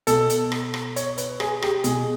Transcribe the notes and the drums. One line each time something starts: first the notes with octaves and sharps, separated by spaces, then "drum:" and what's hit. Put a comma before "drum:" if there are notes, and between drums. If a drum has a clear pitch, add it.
B2 A4, drum: hi-hat
drum: hi-hat
drum: rim click
drum: rim click
C#5, drum: hi-hat
B4, drum: hi-hat
G#4, drum: rim click
G4, drum: rim click
B2 G#4, drum: hi-hat